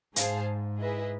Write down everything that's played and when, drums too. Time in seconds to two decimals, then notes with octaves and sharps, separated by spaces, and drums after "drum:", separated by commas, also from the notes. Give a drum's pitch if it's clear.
0.16 G#2 G#4 C5 F5 A5, drum: hi-hat
0.79 E4 G#4 B4 D#5